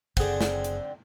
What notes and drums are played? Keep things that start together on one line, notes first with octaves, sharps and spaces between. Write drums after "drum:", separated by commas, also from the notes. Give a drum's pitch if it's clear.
F#1 D3 C4 G#4 F#5, drum: kick
drum: snare
drum: hi-hat